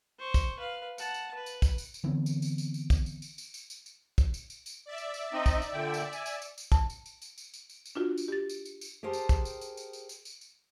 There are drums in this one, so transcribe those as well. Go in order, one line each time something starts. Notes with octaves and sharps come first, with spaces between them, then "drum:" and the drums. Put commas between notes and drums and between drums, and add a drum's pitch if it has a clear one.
C5 C#6
drum: kick, tambourine
B4 F5
F#5 A5, drum: tambourine
drum: tambourine
B4
drum: tambourine
drum: kick, tambourine
drum: tambourine
drum: tambourine
D3 E3 B3 C4
drum: tambourine
drum: tambourine
drum: tambourine
drum: tambourine
drum: kick, tambourine
drum: tambourine
drum: tambourine
drum: tambourine
drum: tambourine
drum: tambourine
drum: tambourine
drum: kick, tambourine
drum: tambourine
drum: tambourine
drum: tambourine
D5 E5
drum: tambourine
drum: tambourine
C4 D#4 D#5
drum: kick, tambourine
drum: tambourine
A#2 D3 G5
drum: tambourine
G#5, drum: tambourine
drum: tambourine
drum: tambourine
drum: tambourine
A5, drum: kick, tambourine
drum: tambourine
drum: tambourine
drum: tambourine
drum: tambourine
drum: tambourine
drum: tambourine
drum: tambourine
D4 F4 F#4
drum: tambourine
G4 A6
drum: tambourine
drum: tambourine
drum: tambourine
G4 G#4 A#4 C5 G5 A5
drum: tambourine
drum: kick, tambourine
drum: tambourine
drum: tambourine
drum: tambourine
drum: tambourine
drum: tambourine
drum: tambourine
drum: tambourine